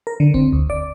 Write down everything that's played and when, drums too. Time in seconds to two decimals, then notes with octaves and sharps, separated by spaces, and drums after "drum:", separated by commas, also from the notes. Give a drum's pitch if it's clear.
0.07 A#4
0.20 D3
0.34 C4, drum: kick F1
0.53 D2
0.70 D5